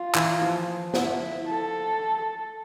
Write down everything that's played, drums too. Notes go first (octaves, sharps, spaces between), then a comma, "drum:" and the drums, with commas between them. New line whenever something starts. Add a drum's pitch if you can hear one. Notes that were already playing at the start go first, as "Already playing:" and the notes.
Already playing: F4
E3, drum: clap
F3
E4, drum: snare
A4